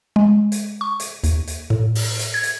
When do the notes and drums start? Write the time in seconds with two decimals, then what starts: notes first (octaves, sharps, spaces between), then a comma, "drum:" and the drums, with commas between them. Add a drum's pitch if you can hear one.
0.16 G#3
0.52 drum: hi-hat
0.81 C#6
1.00 drum: hi-hat
1.24 D#2, drum: hi-hat
1.47 drum: hi-hat
1.70 A2
1.95 drum: open hi-hat
2.19 drum: hi-hat
2.34 G#6
2.43 drum: hi-hat